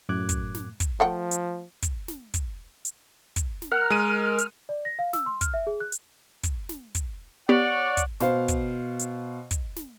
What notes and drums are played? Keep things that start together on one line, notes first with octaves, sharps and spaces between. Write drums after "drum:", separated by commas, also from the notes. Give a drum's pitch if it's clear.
F#2 A2 D6 F#6 G#6
drum: kick, hi-hat
drum: snare
drum: kick, hi-hat
F3 A3 F#5 G5
drum: hi-hat
drum: kick, hi-hat
drum: snare
drum: kick, hi-hat
drum: hi-hat
drum: kick, hi-hat
drum: snare
A#4 F#5 F6
G#3 D#7
drum: hi-hat
D5
A#6
F5
E6, drum: snare
C6
F6, drum: kick, hi-hat
E5
G#4
F#6
drum: hi-hat
drum: kick, hi-hat
drum: snare
drum: kick, hi-hat
B3 G4 C#5 D5 F#5
drum: kick, hi-hat
B2 C5 F5, drum: snare
drum: kick, hi-hat
drum: hi-hat
drum: kick, hi-hat
drum: snare